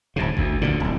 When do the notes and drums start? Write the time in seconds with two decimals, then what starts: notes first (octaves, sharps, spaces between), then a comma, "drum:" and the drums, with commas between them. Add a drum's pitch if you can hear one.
0.16 D1 G#2 C3
0.37 D2, drum: kick G1
0.61 D2 A#2 D3
0.80 D1 C2